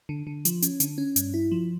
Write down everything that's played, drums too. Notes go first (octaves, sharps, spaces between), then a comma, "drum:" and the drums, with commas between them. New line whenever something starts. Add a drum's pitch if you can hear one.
D3
D3
F3, drum: hi-hat
C#4, drum: hi-hat
D3, drum: hi-hat
C#4
G2, drum: hi-hat
E4
F3